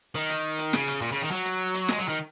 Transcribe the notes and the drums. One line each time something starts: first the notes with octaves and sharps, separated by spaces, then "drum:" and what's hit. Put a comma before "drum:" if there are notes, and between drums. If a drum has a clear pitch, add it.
D#3
drum: hi-hat
drum: hi-hat
C#3, drum: snare
drum: hi-hat
A#2
C#3
D#3
F#3
drum: hi-hat
drum: hi-hat
G#3, drum: snare
F#3
D#3